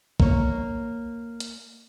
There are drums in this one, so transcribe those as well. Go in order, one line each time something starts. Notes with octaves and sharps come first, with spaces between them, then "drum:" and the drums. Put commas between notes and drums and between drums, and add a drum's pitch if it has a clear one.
A#3 C#5, drum: kick
drum: hi-hat